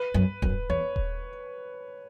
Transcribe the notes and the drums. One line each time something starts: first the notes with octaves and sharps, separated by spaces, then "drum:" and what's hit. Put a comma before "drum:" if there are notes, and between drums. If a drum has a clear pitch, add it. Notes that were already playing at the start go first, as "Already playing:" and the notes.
Already playing: B4
F#2
F#2, drum: kick D#1
E2 C#5
drum: kick D#1